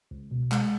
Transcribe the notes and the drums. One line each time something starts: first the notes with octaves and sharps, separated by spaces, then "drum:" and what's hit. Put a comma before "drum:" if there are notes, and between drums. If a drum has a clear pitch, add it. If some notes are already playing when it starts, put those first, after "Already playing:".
C#2
B2
G#3, drum: clap